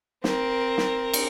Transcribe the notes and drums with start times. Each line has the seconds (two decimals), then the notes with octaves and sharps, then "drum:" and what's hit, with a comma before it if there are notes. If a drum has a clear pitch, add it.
0.24 C4 A#4, drum: snare
0.78 drum: snare
1.13 drum: cymbal